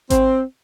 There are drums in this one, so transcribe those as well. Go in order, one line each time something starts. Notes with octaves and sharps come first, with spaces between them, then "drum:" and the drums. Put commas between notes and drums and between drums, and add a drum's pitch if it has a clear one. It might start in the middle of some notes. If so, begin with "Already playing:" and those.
C4, drum: kick G#1, hi-hat